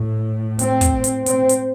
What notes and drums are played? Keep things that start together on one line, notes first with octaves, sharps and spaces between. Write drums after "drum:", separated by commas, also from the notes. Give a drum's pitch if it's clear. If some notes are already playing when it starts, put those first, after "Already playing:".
Already playing: A2
C4, drum: hi-hat
drum: kick, hi-hat
drum: hi-hat
C4, drum: hi-hat
drum: hi-hat